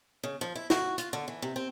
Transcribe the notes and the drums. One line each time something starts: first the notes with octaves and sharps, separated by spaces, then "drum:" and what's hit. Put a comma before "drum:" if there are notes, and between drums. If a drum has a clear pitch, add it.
C#3
F3
E4
F#4, drum: snare
F4, drum: hi-hat
D3
E3
C3
C4